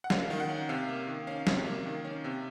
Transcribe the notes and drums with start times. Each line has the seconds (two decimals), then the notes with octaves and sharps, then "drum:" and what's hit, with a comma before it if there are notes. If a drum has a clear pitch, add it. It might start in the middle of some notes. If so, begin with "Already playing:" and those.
0.04 F#5
0.10 A#3 F5, drum: snare
0.30 D#3
0.40 F#5
0.49 C#4
0.69 C3 F5
0.89 A#3
1.07 D#3
1.27 C#4 F5
1.47 C3, drum: snare
1.67 A#3
1.85 D#3
2.05 C#4
2.24 C3